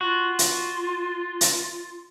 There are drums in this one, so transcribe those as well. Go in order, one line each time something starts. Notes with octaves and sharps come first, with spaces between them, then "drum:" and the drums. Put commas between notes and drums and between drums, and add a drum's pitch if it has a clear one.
F4 F#4
drum: hi-hat
drum: hi-hat